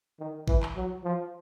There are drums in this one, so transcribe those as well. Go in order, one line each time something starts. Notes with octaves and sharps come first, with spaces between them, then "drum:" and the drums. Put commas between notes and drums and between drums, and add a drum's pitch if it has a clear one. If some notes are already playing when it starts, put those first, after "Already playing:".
D#3
E3, drum: kick A1
drum: clap
F#3
F3